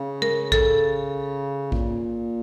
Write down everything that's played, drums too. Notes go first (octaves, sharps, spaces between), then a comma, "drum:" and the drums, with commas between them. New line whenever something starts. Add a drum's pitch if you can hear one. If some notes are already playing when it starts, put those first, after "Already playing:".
Already playing: C#3
A#4, drum: tom
A4, drum: kick A#1
A#2, drum: kick A#1